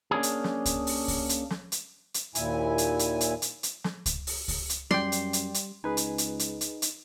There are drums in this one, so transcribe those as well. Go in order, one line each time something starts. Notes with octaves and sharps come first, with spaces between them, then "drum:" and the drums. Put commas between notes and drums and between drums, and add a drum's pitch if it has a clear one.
A#3 C#4 D4 G#4
drum: hi-hat
drum: snare
drum: kick C#2, hi-hat
drum: open hi-hat
drum: kick C#2, open hi-hat
drum: hi-hat
drum: snare
drum: hi-hat
drum: hi-hat
D#2 A#2 E4 G#5, drum: hi-hat
drum: hi-hat
drum: hi-hat
drum: hi-hat
drum: hi-hat
drum: hi-hat
drum: snare
drum: kick C#2, hi-hat
drum: open hi-hat
drum: kick C#2, open hi-hat
drum: hi-hat
F#2 G3 D5 G5 C6, drum: snare
drum: hi-hat
drum: hi-hat
drum: hi-hat
C#2 D#4 G#4 B4 G#5
drum: hi-hat
drum: hi-hat
drum: hi-hat
drum: hi-hat
drum: hi-hat